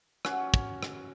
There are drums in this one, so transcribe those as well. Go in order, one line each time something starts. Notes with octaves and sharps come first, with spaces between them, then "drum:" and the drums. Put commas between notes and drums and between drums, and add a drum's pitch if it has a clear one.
C#4 F#4, drum: rim click
drum: kick
drum: rim click